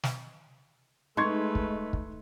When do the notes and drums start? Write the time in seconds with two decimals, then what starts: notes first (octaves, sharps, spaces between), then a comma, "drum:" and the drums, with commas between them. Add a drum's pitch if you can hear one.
0.03 drum: snare
1.17 G#3 A3 D#4 B4 C6 C#6 G#6
1.55 drum: kick
1.93 drum: kick